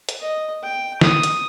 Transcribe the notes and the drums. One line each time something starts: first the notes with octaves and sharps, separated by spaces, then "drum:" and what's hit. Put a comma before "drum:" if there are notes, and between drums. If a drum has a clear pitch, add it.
drum: hi-hat
D#5
G5
D#6, drum: snare
drum: hi-hat